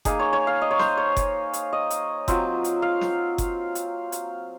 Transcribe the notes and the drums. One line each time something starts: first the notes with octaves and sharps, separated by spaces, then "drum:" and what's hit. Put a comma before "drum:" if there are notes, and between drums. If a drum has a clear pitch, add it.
A#3 D#4 G#4, drum: kick F#1, hi-hat
C#5
C#5
F5
D#5
C#5
C5, drum: snare
C#5
drum: kick F#1, hi-hat
drum: hi-hat
D#5
drum: hi-hat
F#3 C4 F4, drum: kick F#1, hi-hat
drum: hi-hat
F5
drum: snare
drum: kick F#1, hi-hat
drum: hi-hat
drum: hi-hat